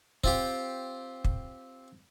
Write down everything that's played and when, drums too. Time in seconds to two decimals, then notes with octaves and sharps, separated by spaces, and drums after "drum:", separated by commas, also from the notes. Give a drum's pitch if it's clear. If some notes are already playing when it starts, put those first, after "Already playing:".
0.24 C4 F4 G4, drum: kick
1.25 drum: kick